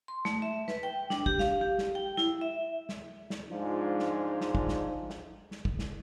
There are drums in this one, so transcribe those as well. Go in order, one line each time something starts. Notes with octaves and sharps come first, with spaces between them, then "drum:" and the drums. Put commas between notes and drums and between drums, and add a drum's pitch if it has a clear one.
C6
A3, drum: snare
E5
B4, drum: snare
G5
D4, drum: snare
G4, drum: kick
F5, drum: snare
G4
drum: snare
G5
E4, drum: snare
E5
drum: snare
drum: snare
G#2 F3 G#3 D4 F4
drum: snare
drum: snare
drum: kick
drum: snare
drum: snare
drum: snare
drum: kick
drum: snare